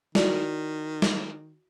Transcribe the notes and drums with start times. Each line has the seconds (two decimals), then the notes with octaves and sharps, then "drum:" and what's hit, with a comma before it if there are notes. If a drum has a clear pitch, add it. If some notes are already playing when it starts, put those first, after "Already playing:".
0.15 D#3 E4 F#4 D5, drum: snare
1.02 drum: snare